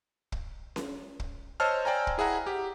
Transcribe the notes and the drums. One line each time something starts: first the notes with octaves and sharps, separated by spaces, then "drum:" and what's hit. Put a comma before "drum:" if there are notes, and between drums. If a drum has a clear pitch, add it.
drum: kick
drum: snare C#4
drum: kick
C5 C#5 D#5 A5 E6 F6
C5 D5 G5 G#5 A#5
drum: kick
E4 G#4 E5 F#5 A#5
G4